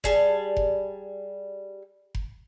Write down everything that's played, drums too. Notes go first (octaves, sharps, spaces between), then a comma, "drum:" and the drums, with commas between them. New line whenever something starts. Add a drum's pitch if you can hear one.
G3 G#4 A5, drum: kick F1
drum: kick F1
drum: kick F1